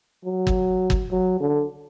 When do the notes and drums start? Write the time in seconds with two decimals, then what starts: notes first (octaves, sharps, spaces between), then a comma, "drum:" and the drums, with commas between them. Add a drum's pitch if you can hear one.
0.25 F#3
0.47 drum: kick
0.90 drum: kick
1.11 F#3
1.40 D3